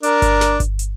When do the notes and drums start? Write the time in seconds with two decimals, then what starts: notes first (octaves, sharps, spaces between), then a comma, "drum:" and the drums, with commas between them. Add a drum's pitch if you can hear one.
0.03 D4 A#4, drum: hi-hat
0.22 drum: kick G1, hi-hat
0.41 drum: snare
0.60 drum: kick G1, hi-hat
0.79 drum: hi-hat